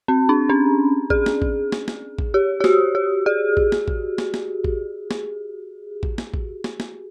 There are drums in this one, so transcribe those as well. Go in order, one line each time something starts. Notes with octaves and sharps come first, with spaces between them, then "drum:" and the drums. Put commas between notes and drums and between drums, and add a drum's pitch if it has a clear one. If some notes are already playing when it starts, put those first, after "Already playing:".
C4
D4
C#4
G#4, drum: kick
drum: snare
drum: kick
drum: snare
drum: snare
drum: kick
G4
G4
F#4, drum: snare
G4
G#4
drum: kick
drum: snare
drum: kick
drum: snare
drum: snare
drum: kick
drum: snare
drum: kick
drum: snare
drum: kick
drum: snare
drum: snare